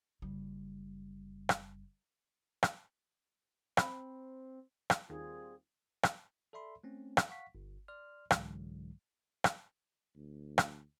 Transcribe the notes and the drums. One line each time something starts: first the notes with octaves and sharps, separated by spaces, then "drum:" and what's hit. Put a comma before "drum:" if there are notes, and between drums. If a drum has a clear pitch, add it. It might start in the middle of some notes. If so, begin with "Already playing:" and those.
F#1 G3
drum: rim click
drum: rim click
C4 B5, drum: rim click
drum: rim click
D#2 D#3 G3 C4 F4 G#4
drum: rim click
A4 D5 E5 B5 C6
A3 C4 C#4
drum: rim click
F5 F#5 C#6 B6
G1
D5 C6 F6
C2 G#2 D3 E3 F#3 G#3, drum: rim click
drum: rim click
D2
drum: rim click